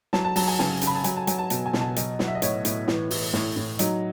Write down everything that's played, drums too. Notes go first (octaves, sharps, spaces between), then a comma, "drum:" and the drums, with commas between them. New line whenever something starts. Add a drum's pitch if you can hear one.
F#3 A5, drum: snare
A5
F#3 A5, drum: open hi-hat
G#5
C#3 G#5, drum: snare
C#3, drum: hi-hat
B5
A5
F#3 G#5, drum: hi-hat
A5
F#3 G#5, drum: hi-hat
A5
B2 A5, drum: hi-hat
G#5
B2, drum: snare
A5
F#3 D#5, drum: hi-hat
F#3 F#5, drum: snare
E5
D#5
A2 C#5, drum: hi-hat
A2, drum: hi-hat
E3, drum: snare
E3, drum: open hi-hat
A2, drum: snare
A2
F#3 D#4, drum: hi-hat